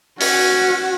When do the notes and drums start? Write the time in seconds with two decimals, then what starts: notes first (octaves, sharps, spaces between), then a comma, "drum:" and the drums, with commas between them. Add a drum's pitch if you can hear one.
0.20 C#4 F#4, drum: open hi-hat